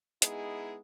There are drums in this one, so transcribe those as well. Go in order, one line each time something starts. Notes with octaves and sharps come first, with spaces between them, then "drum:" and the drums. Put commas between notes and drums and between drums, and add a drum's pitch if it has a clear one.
G#3 B3 D#4 E4 G#4, drum: hi-hat